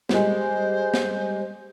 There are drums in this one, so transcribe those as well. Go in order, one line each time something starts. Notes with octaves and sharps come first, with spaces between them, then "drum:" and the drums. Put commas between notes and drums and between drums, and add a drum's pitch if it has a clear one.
G3 G#3 C5, drum: snare
drum: snare